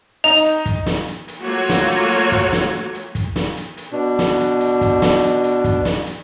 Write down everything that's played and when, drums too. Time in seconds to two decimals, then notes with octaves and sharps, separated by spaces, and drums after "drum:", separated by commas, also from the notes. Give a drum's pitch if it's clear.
0.24 D#4 F7, drum: hi-hat
0.45 drum: hi-hat
0.66 drum: kick, hi-hat
0.86 drum: snare
1.07 drum: hi-hat
1.28 drum: hi-hat
1.43 F#3 A3 A#3 F4 F#4 C#5
1.69 drum: snare
1.90 drum: hi-hat
2.11 drum: hi-hat
2.32 drum: kick, hi-hat
2.53 drum: snare
2.94 drum: hi-hat
3.15 drum: kick, hi-hat
3.36 drum: snare
3.56 drum: hi-hat
3.77 drum: hi-hat
3.92 B2 D4
4.19 drum: snare
4.40 drum: hi-hat
4.60 drum: hi-hat
4.81 drum: kick, hi-hat
5.02 drum: snare
5.23 drum: hi-hat
5.43 drum: hi-hat
5.64 drum: kick, hi-hat
5.85 drum: snare
6.06 drum: hi-hat